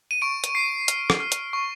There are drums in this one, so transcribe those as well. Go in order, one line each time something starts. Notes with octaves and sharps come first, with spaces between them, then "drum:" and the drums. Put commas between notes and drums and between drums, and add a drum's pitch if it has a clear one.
D#7
C#6 D7
drum: hi-hat
C#6 C7
F6, drum: hi-hat
drum: rim click
F6
drum: hi-hat
C#6